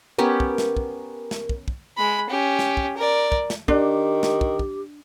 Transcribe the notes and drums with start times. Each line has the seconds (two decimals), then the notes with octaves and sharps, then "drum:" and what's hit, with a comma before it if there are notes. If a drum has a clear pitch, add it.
0.18 B3 C#4 G4 A#4
0.40 drum: kick
0.58 drum: snare
0.77 drum: kick
1.31 drum: snare
1.49 drum: kick
1.68 drum: kick
1.97 G#3 B5
2.30 C#4 G4
2.59 drum: snare
2.77 drum: kick
2.97 A#4 D5
3.32 drum: kick
3.50 drum: snare
3.68 D#3 D4 G4, drum: kick
4.23 drum: snare
4.41 drum: kick
4.59 drum: kick